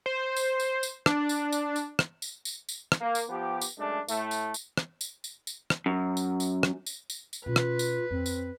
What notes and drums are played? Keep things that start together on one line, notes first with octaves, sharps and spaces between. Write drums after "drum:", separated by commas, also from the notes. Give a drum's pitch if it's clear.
C5
drum: tambourine
drum: tambourine
drum: tambourine
D4, drum: rim click
drum: tambourine
drum: tambourine
drum: tambourine
drum: rim click
drum: tambourine
drum: tambourine
drum: tambourine
drum: rim click
A#3
drum: tambourine
F3 B3 G4
drum: tambourine
F#2 G#3 A3 D4
A2 A3, drum: tambourine
drum: tambourine
drum: tambourine
drum: rim click
drum: tambourine
drum: tambourine
drum: tambourine
drum: rim click
F#2
drum: tambourine
drum: tambourine
drum: rim click
drum: tambourine
drum: tambourine
drum: tambourine
B2 C#4 F4 B4
drum: rim click
drum: tambourine
F2 C4
drum: tambourine